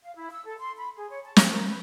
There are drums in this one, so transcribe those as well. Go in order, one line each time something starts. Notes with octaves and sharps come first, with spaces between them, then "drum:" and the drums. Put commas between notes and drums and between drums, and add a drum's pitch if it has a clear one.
F5
E4
E6
A4
C6
B5
G#4
C#5
A5
G5, drum: snare
A#4
B4